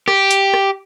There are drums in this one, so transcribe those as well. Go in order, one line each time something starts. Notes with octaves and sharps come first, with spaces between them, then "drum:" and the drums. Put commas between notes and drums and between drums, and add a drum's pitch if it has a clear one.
G4, drum: rim click
drum: hi-hat
drum: rim click